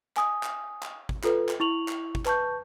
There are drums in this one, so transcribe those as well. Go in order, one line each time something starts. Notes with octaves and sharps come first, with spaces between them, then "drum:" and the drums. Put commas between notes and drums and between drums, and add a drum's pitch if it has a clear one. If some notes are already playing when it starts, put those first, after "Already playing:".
G#5 D#6, drum: clap
drum: clap
drum: clap
drum: kick
F4 A4 B4, drum: clap
drum: clap
E4 C#6 F7 F#7
drum: clap
drum: kick
B4 A5 C#6 G6, drum: clap